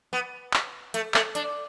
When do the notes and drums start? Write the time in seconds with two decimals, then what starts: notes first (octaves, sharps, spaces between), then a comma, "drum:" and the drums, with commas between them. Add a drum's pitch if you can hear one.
0.13 B3
0.54 drum: clap
0.94 A3, drum: hi-hat
1.14 A3, drum: clap
1.35 D4, drum: hi-hat